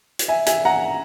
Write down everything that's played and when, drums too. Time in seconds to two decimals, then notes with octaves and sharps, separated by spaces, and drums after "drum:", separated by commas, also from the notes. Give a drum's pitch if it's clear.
0.19 drum: hi-hat
0.28 E5 G#5
0.46 E5 G#5, drum: hi-hat
0.65 F#5 A#5